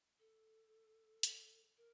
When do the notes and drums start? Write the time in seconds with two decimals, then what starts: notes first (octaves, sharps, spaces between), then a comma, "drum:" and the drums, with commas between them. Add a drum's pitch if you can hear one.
0.19 A4
1.23 drum: hi-hat
1.77 A#4